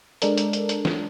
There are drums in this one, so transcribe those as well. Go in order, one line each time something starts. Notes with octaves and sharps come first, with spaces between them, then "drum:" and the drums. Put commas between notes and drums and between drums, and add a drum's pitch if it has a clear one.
G#3 D4 A4 A#4, drum: hi-hat
drum: hi-hat
drum: hi-hat
drum: hi-hat
drum: snare